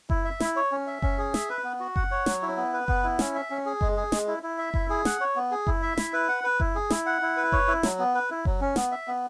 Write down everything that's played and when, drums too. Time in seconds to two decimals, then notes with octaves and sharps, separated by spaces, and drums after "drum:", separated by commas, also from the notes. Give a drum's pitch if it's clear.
0.10 E4, drum: kick F#1
0.25 E5
0.40 E4, drum: snare
0.56 C#5
0.72 C#4
0.87 E5
1.02 C#4, drum: kick F#1
1.18 G#4
1.34 E5, drum: snare
1.49 B4
1.64 B3
1.80 F#4
1.96 F#5, drum: kick F#1
2.11 C#5
2.26 F#3, drum: snare
2.42 E4
2.57 B3
2.73 B4
2.88 B3, drum: kick F#1
3.04 E4
3.19 C#4, drum: snare
3.35 E5
3.50 C#4
3.66 G#4
3.81 G#3, drum: kick F#1
3.97 G#4
4.12 G#3, drum: snare
4.27 E4
4.43 E4
4.58 E5
4.74 E4, drum: kick F#1
4.90 G#4
5.05 F#5, drum: snare
5.20 C#5
5.36 B3
5.51 G#4
5.67 E4, drum: kick F#1
5.82 E5
5.98 E4, drum: snare
6.13 B4
6.29 F#5
6.44 B4
6.60 E4, drum: kick F#1
6.75 G#4
6.90 E4, drum: snare
7.06 F#5
7.22 E4
7.37 B4
7.52 C#5, drum: kick F#1
7.68 E4
7.83 F#3, drum: snare
7.99 B3
8.15 B4
8.30 E4
8.45 F#3, drum: kick F#1
8.61 C#4
8.76 B3, drum: snare
8.92 E5
9.08 B3